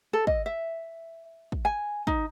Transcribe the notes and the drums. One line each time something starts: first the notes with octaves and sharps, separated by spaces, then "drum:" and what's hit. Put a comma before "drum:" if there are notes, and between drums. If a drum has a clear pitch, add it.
A4
D#5, drum: kick
E5
drum: kick
G#5
D#4, drum: kick